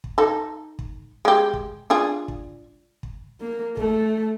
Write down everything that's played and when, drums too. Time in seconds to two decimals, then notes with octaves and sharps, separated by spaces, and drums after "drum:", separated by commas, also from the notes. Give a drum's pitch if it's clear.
0.04 drum: kick
0.18 D#4 A4
0.79 drum: kick
1.25 G#3 G4
1.53 drum: kick
1.90 D4 F4 G#4
2.28 drum: kick
3.03 drum: kick
3.40 A#3
3.77 A3, drum: kick